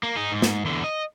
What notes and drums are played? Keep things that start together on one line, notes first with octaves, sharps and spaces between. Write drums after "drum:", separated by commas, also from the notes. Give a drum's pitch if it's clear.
A#3
D#4 G#4
G#2
drum: snare
E2 D3
D#5